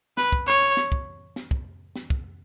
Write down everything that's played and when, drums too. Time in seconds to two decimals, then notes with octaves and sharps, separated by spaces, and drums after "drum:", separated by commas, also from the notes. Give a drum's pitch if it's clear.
0.17 B4, drum: snare
0.32 drum: kick
0.47 C#5
0.77 drum: snare
0.92 drum: kick
1.36 drum: snare
1.51 drum: kick
1.96 drum: snare
2.10 drum: kick